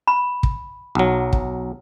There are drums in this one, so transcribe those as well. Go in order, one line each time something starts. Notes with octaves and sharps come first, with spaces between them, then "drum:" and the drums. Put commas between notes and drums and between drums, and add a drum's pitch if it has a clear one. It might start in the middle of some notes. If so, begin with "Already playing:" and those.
B5
drum: kick
B1 F#3
drum: kick